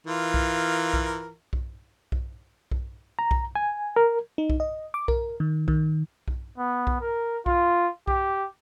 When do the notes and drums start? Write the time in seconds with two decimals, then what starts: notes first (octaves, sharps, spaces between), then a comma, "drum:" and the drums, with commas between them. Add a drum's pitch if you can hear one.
0.07 E3 F4 A#4
0.34 drum: kick B1
0.93 drum: kick B1
1.53 drum: kick B1
2.12 drum: kick B1
2.72 drum: kick B1
3.19 A#5
3.31 drum: kick B1
3.55 G#5
3.96 A#4
4.38 D#4
4.50 drum: kick B1
4.60 D#5
4.94 D6
5.08 A#4, drum: kick B1
5.40 D#3
5.68 D#3, drum: kick B1
6.28 drum: kick B1
6.58 B3
6.87 drum: kick B1
7.01 A#4
7.46 F4, drum: kick B1
8.07 G4, drum: kick B1